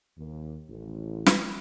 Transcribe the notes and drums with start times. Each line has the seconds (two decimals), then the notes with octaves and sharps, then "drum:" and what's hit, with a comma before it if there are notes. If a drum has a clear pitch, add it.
0.18 D#2
0.68 A1
1.26 drum: snare